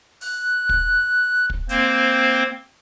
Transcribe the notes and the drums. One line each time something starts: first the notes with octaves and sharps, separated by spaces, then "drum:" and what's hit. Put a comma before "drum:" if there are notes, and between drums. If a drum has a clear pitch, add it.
F#6, drum: open hi-hat
drum: kick
drum: kick
A#3 C4 C5, drum: hi-hat